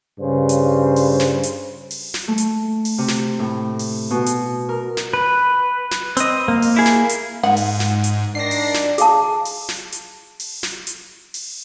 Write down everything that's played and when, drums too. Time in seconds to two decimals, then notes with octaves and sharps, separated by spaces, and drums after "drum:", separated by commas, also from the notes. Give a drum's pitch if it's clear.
0.19 G2 C#3 C5
0.49 drum: hi-hat
0.96 drum: open hi-hat
1.20 drum: snare
1.43 drum: hi-hat
1.91 drum: open hi-hat
2.14 drum: snare
2.28 A3
2.38 drum: hi-hat
2.85 drum: open hi-hat
2.98 C3
3.08 drum: snare
3.39 A2
3.79 drum: open hi-hat
4.11 B2
4.26 drum: hi-hat
4.69 A#4
4.97 drum: snare
5.13 B4
5.91 drum: snare
6.17 C4 D#5, drum: hi-hat
6.48 A#3
6.62 drum: open hi-hat
6.76 E4 G#4
6.86 drum: snare
7.09 drum: hi-hat
7.43 G#2 F#5
7.57 drum: open hi-hat
7.80 drum: snare
8.04 drum: hi-hat
8.35 D#3 D4 A#6 C7
8.51 drum: open hi-hat
8.74 drum: snare
8.98 G#4 F5 A5, drum: hi-hat
9.45 drum: open hi-hat
9.69 drum: snare
9.92 drum: hi-hat
10.40 drum: open hi-hat
10.63 drum: snare
10.87 drum: hi-hat
11.34 drum: open hi-hat